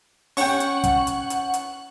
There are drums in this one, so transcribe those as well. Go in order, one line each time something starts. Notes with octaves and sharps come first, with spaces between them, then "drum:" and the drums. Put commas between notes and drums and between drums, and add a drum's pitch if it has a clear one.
C#4 F#5 G5 C#6, drum: open hi-hat
drum: hi-hat
drum: kick, hi-hat
drum: hi-hat
drum: hi-hat
drum: hi-hat